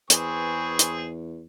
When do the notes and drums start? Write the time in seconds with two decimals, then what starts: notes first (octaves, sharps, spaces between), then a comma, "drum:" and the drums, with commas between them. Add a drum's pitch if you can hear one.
0.10 E2 C4 G#4 B4 G#5 C#6, drum: hi-hat
0.79 drum: hi-hat